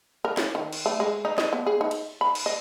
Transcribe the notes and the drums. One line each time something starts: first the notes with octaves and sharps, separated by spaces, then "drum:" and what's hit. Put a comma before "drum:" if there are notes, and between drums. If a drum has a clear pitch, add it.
A#4
C#4, drum: snare
D#3
drum: cymbal
A3
G#3
D#4
D#5, drum: snare
B3
G#4
D#4
drum: cymbal
B5
drum: cymbal
D#5